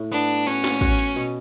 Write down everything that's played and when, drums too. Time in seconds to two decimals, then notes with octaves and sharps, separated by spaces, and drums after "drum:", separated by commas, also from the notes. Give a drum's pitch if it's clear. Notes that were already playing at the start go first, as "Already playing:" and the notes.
Already playing: A2
0.11 B3 D4
0.47 C#4 F#4, drum: open hi-hat
0.64 drum: snare
0.81 F#4, drum: kick, hi-hat
0.99 drum: hi-hat
1.16 B2, drum: open hi-hat